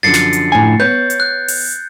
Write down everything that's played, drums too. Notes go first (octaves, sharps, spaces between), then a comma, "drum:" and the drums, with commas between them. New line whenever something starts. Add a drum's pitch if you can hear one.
F#2 D3 F3 A6 C7 C#7
drum: snare
drum: hi-hat
A2 G#5
B3 B4 C#5 G6
drum: hi-hat
F#6
drum: open hi-hat